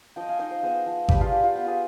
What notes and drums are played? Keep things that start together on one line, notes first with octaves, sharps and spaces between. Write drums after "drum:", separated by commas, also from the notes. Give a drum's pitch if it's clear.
F3 D#5 G5
F5 G#5
D#4 D#5 G5
C5 D#5
B3 G#4 C5
F3
D4 G4 B4, drum: kick G#1
F4 G#4
F4 G4
F4
B3 G4
F4 G#4